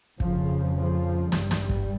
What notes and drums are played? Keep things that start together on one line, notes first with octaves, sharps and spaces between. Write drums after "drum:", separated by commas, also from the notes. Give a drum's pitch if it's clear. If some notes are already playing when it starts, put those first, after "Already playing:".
F2 C#3 F3, drum: kick
F3
G2 G3, drum: snare
drum: snare
drum: kick